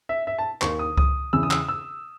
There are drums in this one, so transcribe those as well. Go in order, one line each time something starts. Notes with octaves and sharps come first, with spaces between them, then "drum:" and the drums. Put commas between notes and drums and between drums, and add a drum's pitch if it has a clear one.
E5
E5
A5
D#2 D#3 C#6, drum: clap
D#6
D#6, drum: kick C#2
E2 C#3 E3 E6
D#6
E6, drum: clap
E6